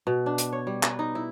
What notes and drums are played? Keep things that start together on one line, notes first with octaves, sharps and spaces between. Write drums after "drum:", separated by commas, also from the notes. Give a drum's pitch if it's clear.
B2
D4
drum: hi-hat
C#5
G3
B4, drum: clap
D#4
E4